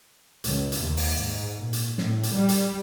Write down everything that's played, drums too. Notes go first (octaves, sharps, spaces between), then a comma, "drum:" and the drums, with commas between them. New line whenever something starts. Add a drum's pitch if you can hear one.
C#2, drum: hi-hat
drum: hi-hat
D#2
drum: open hi-hat
G#2
A#2
drum: hi-hat
A2, drum: snare
drum: hi-hat
G3
drum: hi-hat